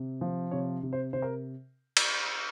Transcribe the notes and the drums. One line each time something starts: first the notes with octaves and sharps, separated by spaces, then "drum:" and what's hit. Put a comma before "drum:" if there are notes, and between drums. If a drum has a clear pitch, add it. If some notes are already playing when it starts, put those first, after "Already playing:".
Already playing: C3 C4
F3
C3 C#5
C3
C5
C3 C5
A#4
drum: cymbal